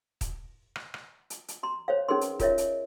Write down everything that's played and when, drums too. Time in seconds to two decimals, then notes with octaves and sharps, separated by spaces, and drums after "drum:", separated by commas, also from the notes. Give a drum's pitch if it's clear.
0.21 drum: kick, hi-hat
0.76 drum: rim click
0.94 drum: rim click
1.30 drum: hi-hat
1.48 drum: hi-hat
1.63 A#5 C6
1.88 C5 C#5 F5
2.09 C#4 D#4 G#4 A#4 B4 C6
2.21 drum: hi-hat
2.40 F4 A#4 C#5 D#5 E5, drum: kick, hi-hat
2.58 drum: hi-hat